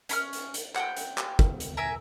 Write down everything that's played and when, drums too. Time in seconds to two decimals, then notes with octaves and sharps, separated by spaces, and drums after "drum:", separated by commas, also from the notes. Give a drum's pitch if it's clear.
0.09 C#4 B5 F6, drum: hi-hat
0.33 drum: hi-hat
0.54 drum: hi-hat
0.75 F#5 G5, drum: clap
0.97 drum: hi-hat
1.18 drum: clap
1.39 drum: kick
1.60 drum: hi-hat
1.77 A#4 E5 G#5